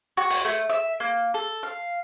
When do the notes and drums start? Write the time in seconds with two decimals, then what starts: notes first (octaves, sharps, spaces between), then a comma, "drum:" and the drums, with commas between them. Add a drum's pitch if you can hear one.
0.17 F#4
0.30 drum: open hi-hat
0.45 A3
0.70 E5
1.00 A#3
1.34 A4
1.63 F5